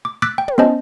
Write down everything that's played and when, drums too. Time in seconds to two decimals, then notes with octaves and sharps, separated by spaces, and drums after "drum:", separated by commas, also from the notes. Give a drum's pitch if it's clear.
0.05 D6
0.22 D6 E6 F#6 A6 B6 D7
0.38 G5
0.48 drum: tom
0.58 B3 C#4 C5 D#5 A5